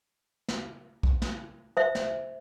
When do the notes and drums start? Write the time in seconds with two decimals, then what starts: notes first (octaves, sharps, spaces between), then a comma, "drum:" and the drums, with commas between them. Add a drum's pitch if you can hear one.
0.48 drum: snare
1.03 drum: kick A#1
1.22 drum: snare
1.77 C5 E5
1.95 drum: snare